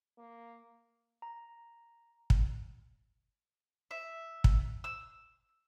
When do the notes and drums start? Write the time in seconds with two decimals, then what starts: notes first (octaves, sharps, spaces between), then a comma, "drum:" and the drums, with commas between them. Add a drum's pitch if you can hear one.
0.18 A#3
1.22 A#5
2.30 drum: kick
3.91 E5
4.44 drum: kick
4.84 E6